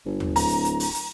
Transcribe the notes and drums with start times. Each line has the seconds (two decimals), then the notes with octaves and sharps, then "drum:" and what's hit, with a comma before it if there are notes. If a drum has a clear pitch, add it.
0.05 G1
0.20 drum: tom D#2
0.36 D1 A#5, drum: open hi-hat
0.50 drum: hi-hat
0.65 drum: hi-hat
0.80 drum: open hi-hat
0.95 drum: hi-hat